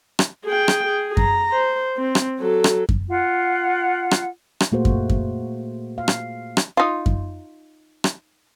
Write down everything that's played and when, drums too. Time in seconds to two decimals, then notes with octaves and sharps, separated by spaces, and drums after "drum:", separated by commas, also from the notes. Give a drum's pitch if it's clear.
0.19 drum: rim click
0.45 G#4 G5
0.68 drum: rim click
0.87 G#4
1.17 A#5, drum: kick F#2
1.52 C5
1.97 C4
2.15 drum: rim click
2.39 F#3 A4
2.64 drum: rim click
2.89 drum: kick F#2
3.08 F4 F#5
4.11 drum: rim click
4.60 drum: rim click
4.72 A#2 A3 A#3 F#4 G#4 C5
4.85 drum: kick F#2
5.10 drum: kick F#2
5.98 F5
6.08 drum: rim click
6.57 drum: rim click
6.77 D#4 F4
7.06 drum: kick F#2
8.04 drum: rim click